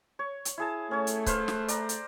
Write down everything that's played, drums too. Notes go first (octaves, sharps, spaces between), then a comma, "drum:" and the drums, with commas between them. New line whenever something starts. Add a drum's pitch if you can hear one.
C#5
drum: hi-hat
E4 G#4 A5
A3 C#4 C#5
drum: hi-hat
B4 C5 F5, drum: kick C#1, hi-hat
drum: snare
D5 A#5, drum: hi-hat
drum: hi-hat